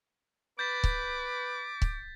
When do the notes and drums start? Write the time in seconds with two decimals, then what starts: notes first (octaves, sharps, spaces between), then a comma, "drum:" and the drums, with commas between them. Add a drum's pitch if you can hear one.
0.59 B4 D6 G6 A6 B6
0.84 drum: kick C#1
1.82 drum: kick C#1